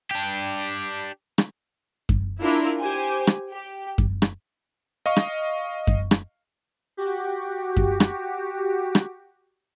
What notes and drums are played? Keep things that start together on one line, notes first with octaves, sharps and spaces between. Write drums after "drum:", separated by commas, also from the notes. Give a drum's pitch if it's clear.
D4 G4
drum: rim click
drum: kick F#2
D4 E4 F4 A#4
G4 C5 G#5
drum: rim click
G4
drum: kick F#2
drum: rim click
D#5 F5 C#6
drum: rim click
drum: kick F#2
drum: rim click
F#4 G4
drum: kick F#2
drum: rim click
drum: rim click